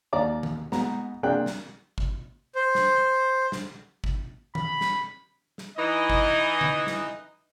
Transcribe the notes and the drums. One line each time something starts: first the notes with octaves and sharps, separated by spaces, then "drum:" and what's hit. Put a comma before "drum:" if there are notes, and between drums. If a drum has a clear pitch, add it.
D#2 D5 A#5 D6
drum: tom D#3
G#2 B3 A#5, drum: snare
C3 A#3 D4 G#4 G5 F#6
drum: snare
drum: kick G#1
C5
drum: snare
drum: snare
drum: kick G#1
B5, drum: tom D#3
drum: snare
drum: snare
E3 D#4 D#5
drum: kick G#1
drum: tom D3
drum: snare